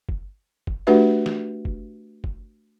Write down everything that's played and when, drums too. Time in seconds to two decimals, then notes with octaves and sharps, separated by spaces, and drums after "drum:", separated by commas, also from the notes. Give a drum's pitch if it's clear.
0.09 drum: kick
0.67 drum: kick
0.87 A3 D4 F#4 G4 B4 E5
1.26 drum: snare
1.65 drum: kick
2.24 drum: kick